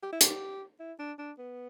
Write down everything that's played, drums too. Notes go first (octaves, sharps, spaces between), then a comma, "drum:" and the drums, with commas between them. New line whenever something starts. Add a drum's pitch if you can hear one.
G4
E4
G4, drum: hi-hat
E4
D4
D4
B3